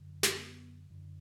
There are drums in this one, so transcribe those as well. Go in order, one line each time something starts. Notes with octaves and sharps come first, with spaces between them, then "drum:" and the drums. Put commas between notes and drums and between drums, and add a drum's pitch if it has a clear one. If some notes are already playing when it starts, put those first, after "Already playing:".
Already playing: F#2 D3
drum: snare
B3
F#2 D3